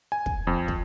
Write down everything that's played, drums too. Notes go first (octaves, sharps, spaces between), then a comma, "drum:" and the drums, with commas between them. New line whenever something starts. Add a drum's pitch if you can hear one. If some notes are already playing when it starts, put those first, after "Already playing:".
G#5
drum: kick
F2
drum: kick